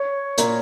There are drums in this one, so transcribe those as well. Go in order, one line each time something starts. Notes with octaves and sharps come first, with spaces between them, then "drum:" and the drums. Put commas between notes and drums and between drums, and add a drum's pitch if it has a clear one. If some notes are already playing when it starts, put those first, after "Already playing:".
Already playing: C#5
A#2 A#3, drum: hi-hat